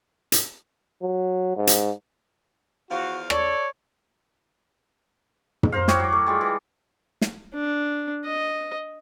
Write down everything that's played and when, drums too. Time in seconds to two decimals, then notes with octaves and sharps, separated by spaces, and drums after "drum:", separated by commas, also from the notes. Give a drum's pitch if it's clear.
0.32 drum: hi-hat
1.02 F#3
1.56 G#2
1.67 drum: hi-hat
2.90 E2 F3 F#4 F5
3.30 A4 C#5 D5, drum: rim click
5.63 drum: tom
5.72 A#4 C5 F5
5.88 E4 F#4 G4 C#5, drum: snare
6.00 F#3 D6
6.12 A3
6.27 G3 G#3 F4
6.41 E3
7.22 drum: snare
7.54 D4
8.25 D#5